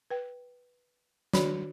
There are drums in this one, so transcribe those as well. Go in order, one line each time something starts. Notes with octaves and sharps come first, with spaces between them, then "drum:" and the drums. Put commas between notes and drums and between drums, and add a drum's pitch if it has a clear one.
B4 G5
D#3 D4 F#4 C#5 D5 B5, drum: snare